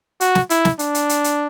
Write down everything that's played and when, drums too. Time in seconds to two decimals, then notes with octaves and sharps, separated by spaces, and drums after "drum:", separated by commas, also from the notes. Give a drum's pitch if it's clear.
0.20 F#4, drum: hi-hat
0.35 drum: snare
0.50 E4, drum: hi-hat
0.65 drum: snare
0.79 D4, drum: hi-hat
0.95 drum: hi-hat
1.09 drum: hi-hat
1.24 drum: hi-hat